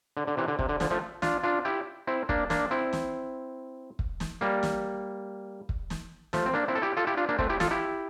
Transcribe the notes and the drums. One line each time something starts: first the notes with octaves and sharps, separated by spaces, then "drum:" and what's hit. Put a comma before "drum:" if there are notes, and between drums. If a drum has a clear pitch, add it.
D3
D3
C3 E3
D3
C3, drum: kick
D3
D3 F3, drum: snare
F3 A3
D4 F4, drum: snare
D4 F4
E4 G4
C4 E4
A#3 D4, drum: kick
A#3 D4, drum: snare
C4 E4
drum: snare
drum: kick
drum: snare
G3 A#3
drum: snare
drum: kick
drum: snare
F3 A3, drum: snare
C4
A#3 D4
C4 E4
A4
E4 G4
F4 A4
E4 G4
D4 F4
A#3 D4
A3 C4, drum: kick
E4 G4
F4 A4, drum: snare
E4 G4